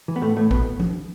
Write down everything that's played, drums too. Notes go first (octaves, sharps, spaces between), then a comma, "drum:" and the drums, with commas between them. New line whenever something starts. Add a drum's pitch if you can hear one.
E3
B3
A2 A3
A2 A3
B2 B3, drum: kick
drum: tom F3